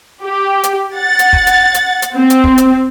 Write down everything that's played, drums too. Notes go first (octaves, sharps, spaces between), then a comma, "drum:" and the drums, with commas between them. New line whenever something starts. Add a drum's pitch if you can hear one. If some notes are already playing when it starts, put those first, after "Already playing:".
G4
drum: hi-hat
F#5 A6
drum: hi-hat
drum: kick
drum: hi-hat
drum: hi-hat
drum: hi-hat
C4
drum: hi-hat
drum: kick
drum: hi-hat